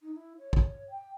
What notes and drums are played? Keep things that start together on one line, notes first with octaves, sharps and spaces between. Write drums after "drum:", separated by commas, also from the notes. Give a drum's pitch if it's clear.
D#4
E4
C#5
drum: kick
C#5
G5